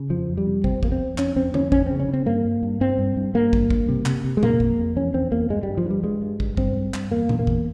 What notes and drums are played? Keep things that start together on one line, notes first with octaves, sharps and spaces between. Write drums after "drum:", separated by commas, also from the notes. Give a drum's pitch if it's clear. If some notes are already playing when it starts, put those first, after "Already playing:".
Already playing: C#3
F2 F3
F2
G3
C3
C3 C4, drum: kick
F2 A#3, drum: kick
C4
F2
F2 C#4, drum: clap
F2 C4
F2 C#4, drum: tom D3
F2 C#4, drum: kick
C#3 C4
C#4
C#3
C4
G2 A#3
G2
G2
G2 C4
G2
G2
G2 A#3
G2, drum: kick
G2, drum: kick
C3
C3, drum: clap
C3
G#3
F2 A#3, drum: tom A#2
F2, drum: kick
F2
E2 C#4
E2 C4
E2 A#3
G2 G#3
G3
G2
F3
G2 G3
G2 G#3
G2
G2, drum: kick
G2 C4, drum: kick
G2
G2, drum: clap
E2 A#3
E2, drum: tom A#2
A#3
E2, drum: kick